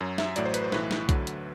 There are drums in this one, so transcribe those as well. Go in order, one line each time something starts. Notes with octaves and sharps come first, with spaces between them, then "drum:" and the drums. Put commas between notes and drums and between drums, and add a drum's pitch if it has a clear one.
F#2 F#3
E5, drum: snare
A1 A2 F#3 D5, drum: hi-hat
C5
B4, drum: hi-hat
C5
B1 A2 E3 B4, drum: snare
drum: snare
D2 D3 F#3, drum: kick B1, hi-hat
drum: hi-hat